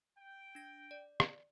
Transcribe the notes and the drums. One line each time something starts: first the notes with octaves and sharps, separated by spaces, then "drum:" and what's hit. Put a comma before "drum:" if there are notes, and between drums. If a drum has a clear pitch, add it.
G5
D4 A#6
D5
drum: rim click